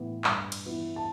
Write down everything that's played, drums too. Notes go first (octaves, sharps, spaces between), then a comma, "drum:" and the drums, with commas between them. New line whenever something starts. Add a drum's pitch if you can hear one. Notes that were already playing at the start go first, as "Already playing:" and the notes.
Already playing: A2 E3 B3
G2, drum: clap
drum: cymbal
E3 B3 E4
A5